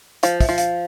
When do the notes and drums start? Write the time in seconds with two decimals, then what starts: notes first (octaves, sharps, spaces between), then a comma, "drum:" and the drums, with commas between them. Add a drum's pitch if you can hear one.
0.23 F3 F5, drum: hi-hat
0.40 E5, drum: kick, open hi-hat
0.49 F3
0.58 F5, drum: hi-hat